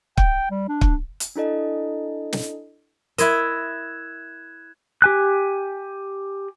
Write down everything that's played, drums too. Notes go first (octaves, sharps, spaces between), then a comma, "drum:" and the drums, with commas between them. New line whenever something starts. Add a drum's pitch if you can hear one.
G5, drum: kick
G3
D4
drum: kick
drum: hi-hat
D4 E4 A4 D#5
drum: snare
E4 A#4 D#5 C6 F#6 G#6 E7, drum: hi-hat
G4 G#5 F#6